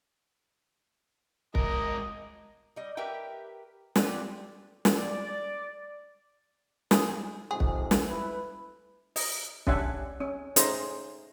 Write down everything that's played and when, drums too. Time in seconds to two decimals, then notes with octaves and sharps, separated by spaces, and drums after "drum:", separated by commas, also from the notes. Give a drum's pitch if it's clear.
1.55 G#2 A#4 D#5, drum: kick
2.76 G3 D#5
2.97 G4 A#4 B4 E5 G5
3.96 C4 F4 G4 B4 D5, drum: snare
4.85 drum: snare
4.97 D5
6.91 D#3 G#4, drum: snare
7.51 F2 G#2 C3 G#4
7.60 drum: kick
7.91 drum: snare
8.07 E4 B4
9.16 D#5, drum: open hi-hat
9.67 C#4 D4 G4 E5 F#5 G#5, drum: kick
10.20 C#4
10.56 A3 C#4 D#4 G#4 C5 D#5, drum: hi-hat